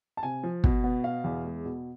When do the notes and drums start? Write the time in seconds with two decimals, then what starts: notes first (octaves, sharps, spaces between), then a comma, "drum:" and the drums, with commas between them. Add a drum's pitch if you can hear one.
0.17 A5
0.23 C3 G#5
0.43 F3
0.64 B2, drum: kick
0.84 B3
1.04 B2 F5
1.24 E2
1.45 G#3
1.65 B2